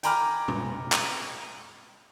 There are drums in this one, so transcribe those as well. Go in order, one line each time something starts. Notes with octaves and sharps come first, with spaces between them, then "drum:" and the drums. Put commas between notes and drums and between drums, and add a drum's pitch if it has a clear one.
G5 G#5 A#5 B5 D6 F6, drum: hi-hat
drum: tom
drum: clap